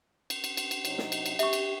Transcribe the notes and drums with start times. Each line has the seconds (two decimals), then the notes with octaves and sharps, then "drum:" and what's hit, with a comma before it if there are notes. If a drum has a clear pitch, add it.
0.30 drum: cymbal
0.44 drum: cymbal
0.57 drum: cymbal
0.71 drum: cymbal
0.85 C3 F#3 D#4, drum: cymbal
0.98 drum: snare
1.12 drum: cymbal
1.26 drum: cymbal
1.39 G4 E5 C#6, drum: cymbal
1.53 drum: cymbal